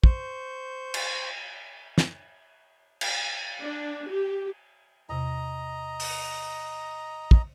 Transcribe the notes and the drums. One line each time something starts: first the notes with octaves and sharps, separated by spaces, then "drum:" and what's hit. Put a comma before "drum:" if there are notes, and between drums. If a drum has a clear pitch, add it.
C5 C#6 G6, drum: kick
drum: cymbal
drum: snare
drum: cymbal
D4
G4
E2 C3 D#5 A#5
drum: open hi-hat
drum: kick